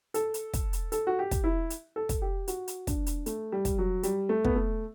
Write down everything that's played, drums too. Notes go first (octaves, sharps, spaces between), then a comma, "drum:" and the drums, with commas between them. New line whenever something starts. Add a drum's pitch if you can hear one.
A4, drum: hi-hat
drum: hi-hat
drum: kick, hi-hat
drum: hi-hat
A4, drum: hi-hat
F#4
G4
drum: kick, hi-hat
E4
drum: hi-hat
A4
drum: kick, hi-hat
G4
F#4, drum: hi-hat
drum: hi-hat
D4, drum: kick, hi-hat
drum: hi-hat
A3, drum: hi-hat
G3
drum: kick, hi-hat
F#3
G3, drum: hi-hat
A3
B3, drum: kick
A3